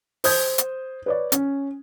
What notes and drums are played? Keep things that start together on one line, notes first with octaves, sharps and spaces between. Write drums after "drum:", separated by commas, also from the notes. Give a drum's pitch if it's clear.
C5 D#6 G6 G#6, drum: open hi-hat
drum: hi-hat
B4 C#5 D5
C#4, drum: hi-hat